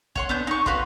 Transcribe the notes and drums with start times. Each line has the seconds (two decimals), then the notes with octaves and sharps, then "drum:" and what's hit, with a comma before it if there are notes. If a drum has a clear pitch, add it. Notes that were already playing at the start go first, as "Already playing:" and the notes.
0.16 C#5 F#5 C6, drum: kick
0.29 B3 D4 G6
0.47 D#4 C#6
0.66 F#4 B4 F5 C6, drum: kick